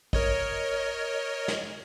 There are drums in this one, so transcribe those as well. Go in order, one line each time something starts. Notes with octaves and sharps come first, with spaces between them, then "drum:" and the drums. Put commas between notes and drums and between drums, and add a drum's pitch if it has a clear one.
A#4 C#5 D#5, drum: kick
drum: snare